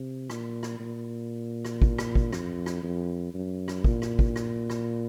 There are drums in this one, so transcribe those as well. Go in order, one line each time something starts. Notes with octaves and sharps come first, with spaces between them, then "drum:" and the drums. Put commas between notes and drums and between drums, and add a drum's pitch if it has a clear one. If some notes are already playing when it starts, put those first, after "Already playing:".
Already playing: C3
A#2, drum: rim click
drum: rim click
A#2
drum: rim click
drum: kick
drum: rim click
drum: kick
F2, drum: rim click
drum: rim click
F2
F#2
drum: rim click
A#2, drum: kick
drum: rim click
drum: kick
drum: rim click
drum: rim click